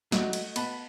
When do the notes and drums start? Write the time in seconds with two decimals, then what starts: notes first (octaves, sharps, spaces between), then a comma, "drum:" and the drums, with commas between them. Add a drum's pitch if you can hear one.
0.12 F#3 A3 F#4 D#5, drum: snare
0.33 drum: cymbal
0.56 B3 A5 B5, drum: cymbal